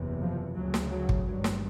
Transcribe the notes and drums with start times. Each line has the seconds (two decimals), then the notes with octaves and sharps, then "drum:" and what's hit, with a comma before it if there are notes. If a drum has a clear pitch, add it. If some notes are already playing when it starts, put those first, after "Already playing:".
Already playing: F#1 E2 C3
0.21 F3
0.55 D2 C#3 F#3
0.74 drum: snare
0.91 F#3
1.09 drum: kick
1.26 G#1 G2 F#3
1.44 drum: snare